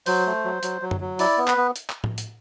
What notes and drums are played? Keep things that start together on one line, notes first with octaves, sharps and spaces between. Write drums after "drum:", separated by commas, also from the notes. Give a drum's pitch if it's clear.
F#3 C5, drum: open hi-hat
A3
F#3
F#3, drum: hi-hat
F#3
drum: tom F#2
F#3
E4 D5, drum: open hi-hat
B3
B4, drum: clap
B3
drum: hi-hat
drum: clap
drum: tom A2
drum: hi-hat